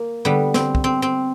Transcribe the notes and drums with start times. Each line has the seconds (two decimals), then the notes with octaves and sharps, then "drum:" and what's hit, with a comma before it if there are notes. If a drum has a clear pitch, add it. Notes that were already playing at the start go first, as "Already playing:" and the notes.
Already playing: A#3
0.25 D3 G3 B3
0.54 C4, drum: snare
0.75 drum: kick
0.84 C4
1.02 C4